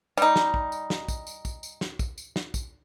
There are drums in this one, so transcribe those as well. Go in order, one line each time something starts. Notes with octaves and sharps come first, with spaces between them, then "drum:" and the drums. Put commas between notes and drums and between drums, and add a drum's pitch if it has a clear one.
G3 D#4, drum: tambourine
drum: snare
drum: kick
drum: tambourine
drum: snare
drum: kick, tambourine
drum: tambourine
drum: kick, tambourine
drum: tambourine
drum: snare
drum: kick, tambourine
drum: tambourine
drum: snare
drum: kick, tambourine